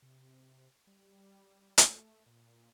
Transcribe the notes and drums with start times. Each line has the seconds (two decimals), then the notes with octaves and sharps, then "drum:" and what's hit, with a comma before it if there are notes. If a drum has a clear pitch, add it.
0.02 C3
0.87 G3
1.78 A3, drum: hi-hat
2.26 A#2